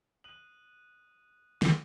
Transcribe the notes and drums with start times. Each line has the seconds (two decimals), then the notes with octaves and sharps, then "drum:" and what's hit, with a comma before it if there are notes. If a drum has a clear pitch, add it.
0.24 D#6 F#6 D#7 F#7
1.62 drum: snare